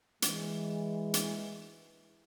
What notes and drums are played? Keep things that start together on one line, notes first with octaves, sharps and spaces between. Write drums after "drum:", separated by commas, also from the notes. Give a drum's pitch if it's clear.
E3 G#3, drum: hi-hat
drum: hi-hat